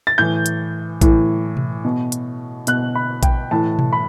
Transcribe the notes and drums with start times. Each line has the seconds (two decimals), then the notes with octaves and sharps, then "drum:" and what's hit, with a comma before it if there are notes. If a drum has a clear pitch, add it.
0.07 A6
0.18 A2 E3 G6
0.46 drum: hi-hat
1.01 A2 E3, drum: kick A#1, hi-hat
1.57 drum: tom B2
1.84 B2
2.12 drum: hi-hat
2.67 B2 F#6, drum: hi-hat
2.95 B5
3.23 G5, drum: kick A#1, hi-hat
3.51 A2 E3 A5
3.79 drum: tom B2
3.93 B5